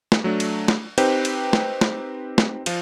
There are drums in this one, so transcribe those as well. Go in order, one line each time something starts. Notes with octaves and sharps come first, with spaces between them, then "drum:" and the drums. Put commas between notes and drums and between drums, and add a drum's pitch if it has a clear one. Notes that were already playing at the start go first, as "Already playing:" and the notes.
drum: snare
F#3 A3 D4
drum: cymbal
drum: snare
C4 D#4 G4 B4 C5 G5, drum: cymbal
drum: cymbal
drum: snare
drum: snare
drum: snare
F3 F4, drum: cymbal